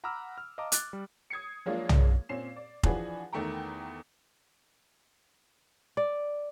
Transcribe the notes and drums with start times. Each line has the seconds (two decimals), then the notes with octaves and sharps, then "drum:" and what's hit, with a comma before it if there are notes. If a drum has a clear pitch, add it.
0.04 F#5 A#5 B5 D6 E6 F6
0.38 F6
0.58 D#5 F5 A5 A#5 D6
0.72 D6 F#6 A6, drum: hi-hat
0.93 G3
1.30 D#6 G#6 C7 C#7
1.66 F3 F#3 G#3 A#3 D4 F4
1.89 drum: tom
2.29 A#2 C4 C#4 C7 E7
2.56 D5
2.83 E3 F3 D4 F#4 G#4 B4, drum: kick F1
3.32 E2 D#3 A3 G5 A#5
5.97 D5